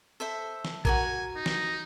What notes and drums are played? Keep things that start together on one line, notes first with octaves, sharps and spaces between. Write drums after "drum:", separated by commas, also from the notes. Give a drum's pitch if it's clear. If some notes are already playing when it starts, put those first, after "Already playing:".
A4 C5 E5
drum: snare
F#4 A4 A#4 G#5, drum: kick A1
D#4
drum: snare